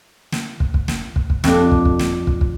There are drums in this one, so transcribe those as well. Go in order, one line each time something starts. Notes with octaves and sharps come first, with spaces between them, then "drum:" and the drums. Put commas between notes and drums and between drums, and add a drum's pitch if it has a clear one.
drum: snare
drum: kick
drum: kick
drum: snare
drum: kick
drum: kick
F2 D4, drum: snare
drum: kick
drum: kick
drum: snare
drum: kick
drum: kick